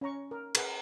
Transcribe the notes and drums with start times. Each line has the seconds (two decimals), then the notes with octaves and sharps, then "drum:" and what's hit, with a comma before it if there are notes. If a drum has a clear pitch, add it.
0.01 C#4 C#5 A#5 C#6
0.31 A#4
0.55 G#4 A#4 B4 F#5, drum: cymbal